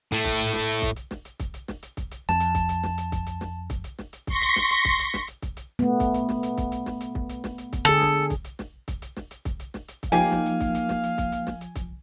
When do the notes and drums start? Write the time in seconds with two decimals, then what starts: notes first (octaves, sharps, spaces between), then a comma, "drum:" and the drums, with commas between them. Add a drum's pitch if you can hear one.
0.12 A2 A3
0.24 drum: kick, hi-hat
0.39 drum: hi-hat
0.53 drum: snare
0.68 drum: hi-hat
0.82 drum: kick, hi-hat
0.96 drum: hi-hat
1.11 drum: snare
1.25 drum: hi-hat
1.40 drum: kick, hi-hat
1.54 drum: hi-hat
1.68 drum: snare
1.83 drum: hi-hat
1.97 drum: kick, hi-hat
2.12 drum: hi-hat
2.29 F2 A5, drum: snare
2.40 drum: hi-hat
2.55 drum: kick, hi-hat
2.69 drum: hi-hat
2.83 drum: snare
2.98 drum: hi-hat
3.12 drum: kick, hi-hat
3.27 drum: hi-hat
3.41 drum: snare
3.70 drum: kick, hi-hat
3.84 drum: hi-hat
3.99 drum: snare
4.13 drum: hi-hat
4.27 C6 C#6 A#6 B6, drum: kick, hi-hat
4.42 drum: hi-hat
4.56 drum: snare
4.71 drum: hi-hat
4.85 drum: kick, hi-hat
4.99 drum: hi-hat
5.14 drum: snare
5.28 drum: hi-hat
5.42 drum: kick, hi-hat
5.57 drum: hi-hat
5.79 A3 B3
6.00 drum: kick, hi-hat
6.14 drum: hi-hat
6.29 drum: snare
6.43 drum: hi-hat
6.58 drum: kick, hi-hat
6.72 drum: hi-hat
6.86 drum: snare
7.01 drum: hi-hat
7.15 drum: kick
7.29 drum: hi-hat
7.44 drum: snare
7.58 drum: hi-hat
7.73 drum: kick, hi-hat
7.85 D3 G#4 A4, drum: hi-hat
8.01 drum: snare
8.30 drum: kick, hi-hat
8.45 drum: hi-hat
8.59 drum: snare
8.88 drum: kick, hi-hat
9.02 drum: hi-hat
9.17 drum: snare
9.31 drum: hi-hat
9.45 drum: kick, hi-hat
9.60 drum: hi-hat
9.74 drum: snare
9.88 drum: hi-hat
10.03 drum: kick, hi-hat
10.12 F3 A#3 D#4 G4 F5 G#5
10.32 drum: snare
10.46 drum: hi-hat
10.60 drum: kick, hi-hat
10.75 drum: hi-hat
10.89 drum: snare
11.04 drum: hi-hat
11.18 drum: kick, hi-hat
11.32 drum: hi-hat
11.47 drum: snare
11.61 drum: hi-hat
11.76 drum: kick, hi-hat